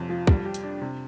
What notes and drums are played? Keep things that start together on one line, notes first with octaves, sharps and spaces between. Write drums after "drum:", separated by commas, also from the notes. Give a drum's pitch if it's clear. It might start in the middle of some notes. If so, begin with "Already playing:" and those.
Already playing: F2 C3
F3
G3, drum: kick
G4
drum: hi-hat
D4
C3